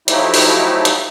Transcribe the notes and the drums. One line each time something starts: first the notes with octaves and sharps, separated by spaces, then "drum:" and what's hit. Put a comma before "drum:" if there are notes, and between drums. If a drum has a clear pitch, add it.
F3 F#3 A3 D#4 E4 G4, drum: hi-hat
drum: open hi-hat
drum: hi-hat